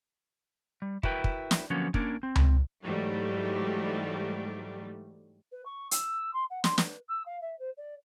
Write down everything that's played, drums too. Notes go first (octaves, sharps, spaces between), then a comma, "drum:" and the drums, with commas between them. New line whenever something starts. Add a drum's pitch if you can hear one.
G3
E4 F#4 A#4 B4 G5, drum: kick
drum: kick
drum: snare
D3 F3 F#3 A#3 B3 C#4
A#3 C#4 D4 A#4, drum: kick
C4
drum: tom C#2
G#2 E3 F#3 G3 A3
B4
C#6
E6, drum: hi-hat
C6
F#5
C6, drum: snare
B4, drum: snare
E6
F5
E5
C5
D5